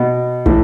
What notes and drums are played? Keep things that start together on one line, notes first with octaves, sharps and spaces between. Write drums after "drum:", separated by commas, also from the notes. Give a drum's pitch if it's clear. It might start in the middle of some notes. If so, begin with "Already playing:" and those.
Already playing: B2
A2 E3, drum: kick